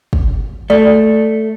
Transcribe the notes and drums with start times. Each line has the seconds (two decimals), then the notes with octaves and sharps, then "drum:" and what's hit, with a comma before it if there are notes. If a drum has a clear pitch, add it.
0.13 drum: kick
0.70 A3 D5